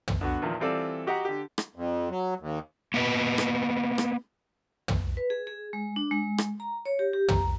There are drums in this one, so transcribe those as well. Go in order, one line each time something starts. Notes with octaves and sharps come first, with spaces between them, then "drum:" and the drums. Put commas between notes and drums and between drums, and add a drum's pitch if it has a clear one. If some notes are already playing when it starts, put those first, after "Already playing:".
drum: tom
D3 B3 F#4
E2 A#2 D#3 F3
E3 G3 C4 F4 A4 D5
F#4 G4 D#5 F#5 A#5
D3 G4
drum: rim click
F2
F#3
D#2
A#3 B3 B4 D#5
drum: rim click
drum: rim click
drum: tom
B4
G#4
G#4
G#3
D4
G#3
drum: rim click
A#5
C#5
G4
G4
A#5, drum: tom